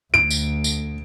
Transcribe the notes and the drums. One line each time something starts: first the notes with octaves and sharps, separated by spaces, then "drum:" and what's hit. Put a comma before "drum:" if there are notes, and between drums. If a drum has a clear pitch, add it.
D2 D7
drum: tambourine
drum: tambourine